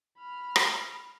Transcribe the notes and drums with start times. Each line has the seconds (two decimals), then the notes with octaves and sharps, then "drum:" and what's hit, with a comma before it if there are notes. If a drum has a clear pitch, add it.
0.18 B5 F6
0.56 drum: rim click